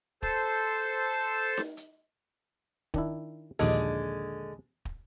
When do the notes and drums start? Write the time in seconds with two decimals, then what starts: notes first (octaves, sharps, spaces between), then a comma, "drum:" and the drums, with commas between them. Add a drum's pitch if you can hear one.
0.23 A4 C5 A5, drum: kick
1.57 drum: snare D#4
1.77 drum: hi-hat
2.94 D#3 D4 E4, drum: kick
3.59 A#1 D#2 D3 G#3 A4, drum: open hi-hat
4.85 drum: kick